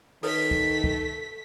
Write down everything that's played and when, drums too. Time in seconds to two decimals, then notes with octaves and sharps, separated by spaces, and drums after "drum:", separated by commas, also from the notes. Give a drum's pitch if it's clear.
0.23 D#3 A3 A4 B4 C#5 B6, drum: open hi-hat
0.51 drum: kick
0.84 drum: kick